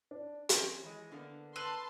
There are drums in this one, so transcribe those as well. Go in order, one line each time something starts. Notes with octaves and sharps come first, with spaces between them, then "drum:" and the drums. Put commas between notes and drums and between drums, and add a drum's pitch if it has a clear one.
D4
F3 C4 C#4 D7, drum: hi-hat
E3 G#3
D3 A#3 B3
B4 A5 C6 E6